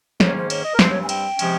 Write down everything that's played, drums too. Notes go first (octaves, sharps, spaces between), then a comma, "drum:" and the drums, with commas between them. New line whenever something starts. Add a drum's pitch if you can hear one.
G#2 D#3 A#3 C#4 C#5, drum: snare
C5
C#5, drum: cymbal
D#5
A#4
G2 G3 C4 C5, drum: snare
C#5
G#5
G5, drum: cymbal
C3 F3 G#3 C#4, drum: cymbal